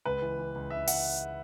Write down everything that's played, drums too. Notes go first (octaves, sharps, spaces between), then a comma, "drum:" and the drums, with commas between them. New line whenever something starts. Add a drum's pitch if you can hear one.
C#2 B4
E3
E3
C#2
C#2 E5
F#5, drum: open hi-hat